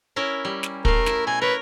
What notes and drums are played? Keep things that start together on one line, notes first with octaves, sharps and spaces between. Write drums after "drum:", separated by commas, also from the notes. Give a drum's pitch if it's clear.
C#4 E4 A#4
G3
drum: snare
A3 A#4 F5, drum: kick
E4, drum: snare
B2 G#5
A#4 B4 C#5